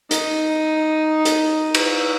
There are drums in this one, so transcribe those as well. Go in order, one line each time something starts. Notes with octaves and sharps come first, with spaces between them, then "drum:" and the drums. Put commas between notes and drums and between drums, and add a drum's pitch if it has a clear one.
D#4, drum: hi-hat
drum: hi-hat
drum: cymbal